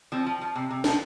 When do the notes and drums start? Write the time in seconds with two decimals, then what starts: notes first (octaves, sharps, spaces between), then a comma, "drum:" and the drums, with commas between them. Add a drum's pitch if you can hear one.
0.12 F3 C4
0.26 F3
0.41 F3
0.56 C3
0.70 C3
0.84 F3, drum: snare